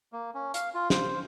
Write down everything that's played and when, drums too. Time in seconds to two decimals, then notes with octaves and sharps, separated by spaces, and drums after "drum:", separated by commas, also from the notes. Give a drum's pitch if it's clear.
0.13 A#3
0.35 C#4
0.54 F5, drum: hi-hat
0.74 F4
0.90 C5, drum: snare